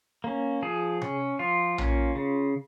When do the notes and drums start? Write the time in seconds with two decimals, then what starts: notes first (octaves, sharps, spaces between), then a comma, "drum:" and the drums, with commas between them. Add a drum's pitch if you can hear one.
0.24 A#3 C#4
0.62 F3 G#4
1.02 C#4, drum: tom C3
1.39 F3 F4
1.78 A#3 C#4, drum: tom A#1
2.15 C#3